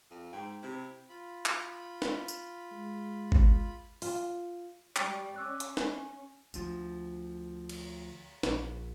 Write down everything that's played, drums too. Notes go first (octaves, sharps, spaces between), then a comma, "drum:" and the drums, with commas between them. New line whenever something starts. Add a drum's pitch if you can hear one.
F2
G#2 G5
C3 E4
F4 B5
drum: clap
drum: snare
drum: tambourine
G#3
drum: kick G#1
F4, drum: open hi-hat
G3 D5 G5 C#6, drum: clap
C#4 D6 E6 F#6
drum: hi-hat
G#5, drum: snare
D2 F3, drum: tambourine
drum: cymbal
A#1, drum: snare